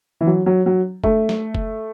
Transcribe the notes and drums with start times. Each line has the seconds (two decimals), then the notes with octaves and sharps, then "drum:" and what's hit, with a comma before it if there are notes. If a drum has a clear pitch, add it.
0.21 E3
0.27 F#3
0.46 F#3
0.66 F#3
1.04 A3, drum: kick F1
1.29 drum: snare
1.55 drum: kick F1